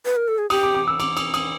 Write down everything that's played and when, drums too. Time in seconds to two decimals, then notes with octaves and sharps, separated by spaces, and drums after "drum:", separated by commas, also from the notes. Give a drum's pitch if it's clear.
0.05 B4
0.16 A#4
0.28 A4
0.38 G#4
0.50 G4 D#6, drum: cymbal
0.63 D6
0.75 D6
0.87 E6
1.00 D6, drum: cymbal
1.17 D#6, drum: cymbal
1.34 D#6, drum: cymbal